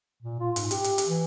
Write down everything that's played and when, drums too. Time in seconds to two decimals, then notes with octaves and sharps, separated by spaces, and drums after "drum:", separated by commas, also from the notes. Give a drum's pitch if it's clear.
0.23 A#2
0.40 F4
0.56 G#2, drum: hi-hat
0.71 G4, drum: hi-hat
0.84 drum: hi-hat
0.98 drum: hi-hat
1.07 E3